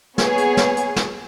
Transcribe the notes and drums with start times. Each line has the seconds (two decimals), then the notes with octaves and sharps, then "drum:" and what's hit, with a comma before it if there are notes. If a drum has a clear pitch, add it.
0.18 B3 G#4 C#5, drum: snare
0.38 drum: hi-hat
0.57 drum: snare
0.77 drum: hi-hat
0.96 drum: snare